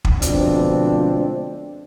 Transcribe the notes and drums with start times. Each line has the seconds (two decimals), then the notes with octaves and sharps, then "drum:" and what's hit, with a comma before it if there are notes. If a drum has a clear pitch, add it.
0.05 drum: kick
0.22 D2 B2 F3 G#3 C4 D4, drum: hi-hat